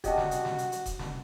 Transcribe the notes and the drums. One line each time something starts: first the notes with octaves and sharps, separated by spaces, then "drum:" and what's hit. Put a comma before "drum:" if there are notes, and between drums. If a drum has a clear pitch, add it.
F#4 G4 D#5 A5, drum: kick D#1, hi-hat
drum: snare
drum: hi-hat
drum: snare
drum: hi-hat
drum: hi-hat
drum: kick D#1, hi-hat
drum: snare